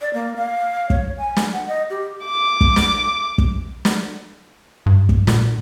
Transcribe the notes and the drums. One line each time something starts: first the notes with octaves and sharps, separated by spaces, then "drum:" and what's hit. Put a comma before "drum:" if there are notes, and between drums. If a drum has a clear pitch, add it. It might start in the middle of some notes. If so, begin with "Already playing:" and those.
D5
A#3
F5
C#5, drum: kick
G#5
drum: snare
F#5
D#5
G4
D6
drum: kick
drum: snare
drum: kick
drum: snare
G2
drum: kick
A#2, drum: snare